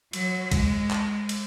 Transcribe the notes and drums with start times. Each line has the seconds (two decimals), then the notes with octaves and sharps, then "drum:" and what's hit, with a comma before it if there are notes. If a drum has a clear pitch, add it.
0.13 F#3, drum: cymbal
0.52 G#3, drum: kick, cymbal
0.91 drum: clap
1.29 drum: cymbal